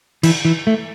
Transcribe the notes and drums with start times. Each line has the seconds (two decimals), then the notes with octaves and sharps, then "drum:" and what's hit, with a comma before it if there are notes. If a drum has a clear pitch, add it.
0.23 E3, drum: cymbal
0.45 E3
0.67 A3